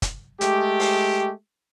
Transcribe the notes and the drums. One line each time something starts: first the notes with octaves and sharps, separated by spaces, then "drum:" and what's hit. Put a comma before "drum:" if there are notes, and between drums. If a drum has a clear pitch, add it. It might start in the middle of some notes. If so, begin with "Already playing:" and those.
drum: kick, hi-hat
G#3 A3 G4, drum: hi-hat
drum: open hi-hat